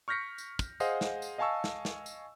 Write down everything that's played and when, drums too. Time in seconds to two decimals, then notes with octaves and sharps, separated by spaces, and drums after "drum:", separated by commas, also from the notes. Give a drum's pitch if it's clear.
0.08 C#6 F6 G6 A#6 B6 C#7
0.38 drum: tambourine
0.59 drum: kick, tambourine
0.80 G#4 C5 D#5 F5 F#5, drum: tambourine
1.01 drum: snare
1.22 drum: tambourine
1.38 D#5 F5 G#5 A5 C#6 E6
1.64 drum: snare
1.85 drum: snare
2.06 drum: tambourine